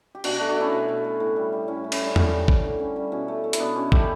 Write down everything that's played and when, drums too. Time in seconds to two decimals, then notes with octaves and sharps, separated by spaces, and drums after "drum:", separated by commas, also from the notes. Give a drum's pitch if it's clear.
0.15 G4
0.24 B2 D4 F#4, drum: cymbal
0.36 A3 D4 F#4
0.48 D4 F#4
0.57 A3 C#4 E4
0.72 B2
0.88 B2
1.04 A3
1.20 A2
1.36 G3
1.52 G3
1.68 A2 C#4 E4
1.84 A2
1.92 C#4 E4, drum: cymbal
2.00 G3
2.06 D4
2.16 D3 C#4, drum: tom E2
2.32 G3
2.48 G3, drum: kick A1
2.64 D3
2.80 D3 C#4
2.96 G3 C#4
3.12 B2 C#4 E4
3.28 A3
3.44 A3
3.53 E4, drum: hi-hat
3.60 B2 B3 D4
3.76 B2 C#4
3.92 A3 E4 G4, drum: kick A1